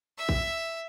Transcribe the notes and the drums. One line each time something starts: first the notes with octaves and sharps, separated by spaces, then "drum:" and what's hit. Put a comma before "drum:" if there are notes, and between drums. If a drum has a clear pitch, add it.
E5
drum: kick